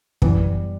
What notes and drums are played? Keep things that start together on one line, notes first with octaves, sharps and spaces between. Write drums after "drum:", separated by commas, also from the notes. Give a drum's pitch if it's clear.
F#2 E3 G3 B3, drum: kick